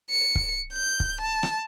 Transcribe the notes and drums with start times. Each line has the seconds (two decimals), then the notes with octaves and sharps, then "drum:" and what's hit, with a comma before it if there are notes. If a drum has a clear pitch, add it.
0.11 C#7
0.35 drum: kick
0.73 G6
1.00 drum: kick
1.21 A5
1.43 drum: rim click